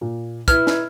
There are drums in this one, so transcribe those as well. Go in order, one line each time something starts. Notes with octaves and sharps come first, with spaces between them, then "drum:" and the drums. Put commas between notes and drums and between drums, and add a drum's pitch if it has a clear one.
A#2
E4 B4 F6 G#6, drum: kick, hi-hat
drum: snare